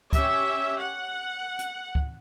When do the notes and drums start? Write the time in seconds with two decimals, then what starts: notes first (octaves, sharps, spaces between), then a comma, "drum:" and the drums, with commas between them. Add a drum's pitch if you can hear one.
0.13 C#4 G4 E5, drum: kick, hi-hat
0.80 F#5
1.59 drum: hi-hat
1.95 drum: kick